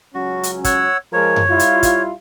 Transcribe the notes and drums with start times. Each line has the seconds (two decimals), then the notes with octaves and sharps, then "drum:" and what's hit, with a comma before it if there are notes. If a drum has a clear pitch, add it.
0.15 C#2 F#3 C#4 F#4
0.43 drum: hi-hat
0.64 C#5 F#5 E6, drum: kick, hi-hat
1.13 F3 G#3 A#4 C#5
1.36 drum: tom F#2
1.50 G3 E4 F4
1.59 drum: hi-hat
1.83 drum: kick, hi-hat